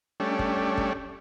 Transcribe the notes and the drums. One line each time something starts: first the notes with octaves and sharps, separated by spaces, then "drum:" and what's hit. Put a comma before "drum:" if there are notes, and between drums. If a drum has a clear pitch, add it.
G3 A3 C#4 D4
drum: kick
drum: kick